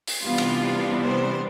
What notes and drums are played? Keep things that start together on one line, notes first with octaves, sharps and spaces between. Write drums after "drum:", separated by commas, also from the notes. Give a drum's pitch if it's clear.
drum: open hi-hat
C3 E3 G3 B3 D4 F4 F5
drum: cymbal
C5